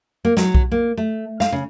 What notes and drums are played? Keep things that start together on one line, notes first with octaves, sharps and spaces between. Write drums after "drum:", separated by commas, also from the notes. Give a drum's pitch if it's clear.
A#3
F#3, drum: snare
drum: kick B1
A#3
A3
F5, drum: snare
C#3